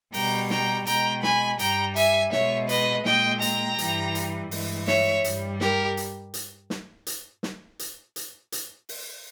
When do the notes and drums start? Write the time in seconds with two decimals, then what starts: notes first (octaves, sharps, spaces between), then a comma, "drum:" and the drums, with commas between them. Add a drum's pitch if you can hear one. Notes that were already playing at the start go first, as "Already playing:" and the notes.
0.14 B2 G3 G5 A#5, drum: open hi-hat
0.50 G5 A#5, drum: snare
0.86 B2 G#3 G5 A#5, drum: hi-hat
1.23 G#5 B5, drum: snare
1.59 G2 G3 G5 A#5, drum: hi-hat
1.96 E5 G#5, drum: hi-hat
2.32 B2 G#3 C#5 E5, drum: snare
2.69 B4 D#5, drum: hi-hat
3.05 A#2 G#3 D#5 G5, drum: snare
3.42 G5 A#5, drum: hi-hat
3.78 G2 E3 G3, drum: hi-hat
4.15 drum: hi-hat
4.51 G2 E3 G#3, drum: open hi-hat
4.87 C#5 E5, drum: snare
5.24 G2 G3, drum: hi-hat
5.60 G4 A#4, drum: snare
5.97 drum: hi-hat
6.34 drum: hi-hat
6.70 drum: snare
7.07 drum: hi-hat
7.43 drum: snare
7.79 drum: hi-hat
8.16 drum: hi-hat
8.52 drum: hi-hat
8.89 drum: open hi-hat